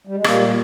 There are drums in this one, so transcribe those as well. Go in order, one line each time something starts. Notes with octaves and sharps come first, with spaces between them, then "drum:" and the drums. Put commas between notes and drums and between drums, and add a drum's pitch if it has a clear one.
G3
G#3
A#2 G3 A#3, drum: rim click